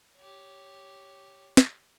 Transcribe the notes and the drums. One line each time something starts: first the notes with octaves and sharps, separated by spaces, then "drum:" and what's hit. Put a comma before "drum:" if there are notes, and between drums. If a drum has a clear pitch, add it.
G4 C#5
drum: snare